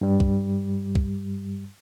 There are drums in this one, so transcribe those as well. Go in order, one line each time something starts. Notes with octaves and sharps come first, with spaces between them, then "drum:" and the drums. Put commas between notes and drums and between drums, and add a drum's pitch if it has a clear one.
G2 G3
drum: kick
drum: kick